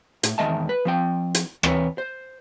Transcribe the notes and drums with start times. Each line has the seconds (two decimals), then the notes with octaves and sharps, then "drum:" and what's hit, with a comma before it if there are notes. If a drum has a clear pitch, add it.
0.23 A2, drum: hi-hat
0.38 E2 D#3 G#3 D#5 E5 A5
0.69 B4
0.85 F3 C4 G5
1.35 drum: hi-hat
1.63 E3 C4 B4 C#5, drum: rim click
1.98 C5